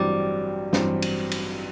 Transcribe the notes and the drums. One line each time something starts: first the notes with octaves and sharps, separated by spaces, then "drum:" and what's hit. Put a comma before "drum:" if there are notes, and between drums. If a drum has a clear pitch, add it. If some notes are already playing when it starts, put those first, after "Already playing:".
Already playing: A1 G2 F#3 G3 C4
A1 G2 F#3 C4, drum: snare
drum: cymbal
drum: cymbal